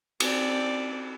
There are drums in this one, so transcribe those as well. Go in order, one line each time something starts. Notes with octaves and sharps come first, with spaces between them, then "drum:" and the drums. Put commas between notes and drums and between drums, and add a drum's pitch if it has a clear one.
C4 D5, drum: cymbal